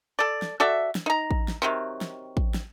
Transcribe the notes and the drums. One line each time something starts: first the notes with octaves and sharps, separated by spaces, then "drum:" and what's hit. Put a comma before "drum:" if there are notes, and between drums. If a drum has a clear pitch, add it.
A4 D5
drum: snare
F#4 A4 D5 E5
drum: snare
D#4 A#5
drum: kick A1
drum: snare
C3 D#3 F#3
drum: snare
drum: kick A1
drum: snare